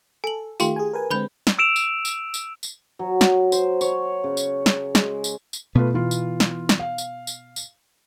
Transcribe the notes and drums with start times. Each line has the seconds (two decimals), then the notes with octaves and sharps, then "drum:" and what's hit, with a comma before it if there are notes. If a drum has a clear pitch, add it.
0.24 A4 G#5 F#7
0.60 D#3 A3 F4 G4 G5 C6, drum: tambourine
0.76 G#4 G#5
0.93 A#4 B4 G#5
1.11 D3 G#3 C4 B4 B5 G6
1.47 drum: snare
1.59 E6 D7 E7 F7
1.76 drum: tambourine
2.05 drum: tambourine
2.34 drum: tambourine
2.63 drum: tambourine
2.99 F#3
3.21 drum: snare
3.52 C5, drum: tambourine
3.81 C#5, drum: tambourine
4.24 C#3
4.37 drum: tambourine
4.66 drum: snare
4.95 G#3, drum: snare
5.24 drum: tambourine
5.53 drum: tambourine
5.75 B2 A3 B3 F4 B4
5.94 E3 F4
6.11 drum: tambourine
6.40 drum: snare
6.69 drum: snare
6.79 F5
6.98 drum: tambourine
7.27 drum: tambourine
7.56 drum: tambourine